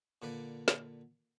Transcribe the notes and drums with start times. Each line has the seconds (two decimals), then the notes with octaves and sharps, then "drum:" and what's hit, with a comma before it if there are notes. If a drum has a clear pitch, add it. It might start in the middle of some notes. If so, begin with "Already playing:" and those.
0.22 A#2 D3 B4 D5
0.68 drum: snare